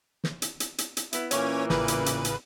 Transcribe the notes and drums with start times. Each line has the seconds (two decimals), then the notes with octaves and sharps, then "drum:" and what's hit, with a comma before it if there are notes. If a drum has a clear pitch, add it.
0.24 drum: snare
0.42 drum: hi-hat
0.60 drum: hi-hat
0.78 drum: hi-hat
0.97 drum: hi-hat
1.13 B3 E4, drum: hi-hat
1.31 A#2 E3 A#3 C#4 C#5, drum: hi-hat
1.70 A1 C#3 B4, drum: snare
1.88 drum: hi-hat
2.06 drum: hi-hat
2.25 drum: hi-hat